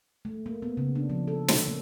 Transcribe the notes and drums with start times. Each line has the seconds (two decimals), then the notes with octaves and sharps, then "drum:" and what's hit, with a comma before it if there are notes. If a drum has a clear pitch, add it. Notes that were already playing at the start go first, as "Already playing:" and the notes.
0.25 A3
0.46 A#3
0.62 B3
0.77 C#3
0.96 D4
1.10 F3
1.28 A4
1.48 C#4, drum: snare
1.68 A#3